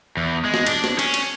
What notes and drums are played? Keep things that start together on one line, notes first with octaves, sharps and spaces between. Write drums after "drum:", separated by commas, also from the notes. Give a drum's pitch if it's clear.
E2
G#3
drum: snare
D4, drum: cymbal
drum: snare
C#4, drum: cymbal
drum: cymbal